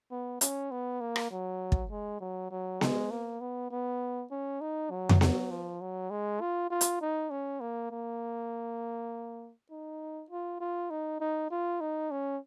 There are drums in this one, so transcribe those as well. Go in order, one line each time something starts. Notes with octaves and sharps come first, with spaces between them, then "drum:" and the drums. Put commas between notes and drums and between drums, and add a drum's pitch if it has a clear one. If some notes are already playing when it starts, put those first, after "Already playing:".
B3
C#4, drum: hi-hat
B3
A#3
drum: rim click
F#3
drum: kick
G#3
F#3
F#3
G#3, drum: snare B3
A#3
B3
B3
C#4
D#4
F#3
drum: tom F2
F#3, drum: snare B3
F3
F#3
G#3
F4
F4
drum: hi-hat
D#4
C#4
A#3
A#3
D#4
F4
F4
D#4
D#4
F4
D#4
C#4